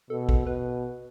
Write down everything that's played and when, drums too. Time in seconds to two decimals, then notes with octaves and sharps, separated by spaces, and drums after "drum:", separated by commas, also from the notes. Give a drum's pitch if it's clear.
0.10 B2 A4
0.29 A4, drum: kick A1
0.47 B2 B4